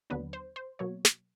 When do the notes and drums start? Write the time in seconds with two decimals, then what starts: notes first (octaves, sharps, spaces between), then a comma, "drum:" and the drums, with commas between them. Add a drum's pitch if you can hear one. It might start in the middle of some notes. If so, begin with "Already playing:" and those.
0.10 D#2 D3 F#3 B3 D4 B4
0.33 C5
0.56 C5
0.79 B2 F#3 A#3 C#5
1.05 drum: snare